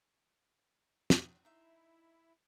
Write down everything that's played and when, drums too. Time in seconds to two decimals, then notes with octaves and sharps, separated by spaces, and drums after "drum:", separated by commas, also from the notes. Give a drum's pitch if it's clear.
1.10 drum: snare
1.45 D#4 E4 E5 C6